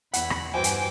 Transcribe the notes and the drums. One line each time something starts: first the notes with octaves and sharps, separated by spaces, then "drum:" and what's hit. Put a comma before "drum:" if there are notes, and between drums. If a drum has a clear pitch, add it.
E2 E4 F#5 B5, drum: hi-hat
drum: rim click
G2 E3 F#4 C5 G5 G#5 D6
drum: hi-hat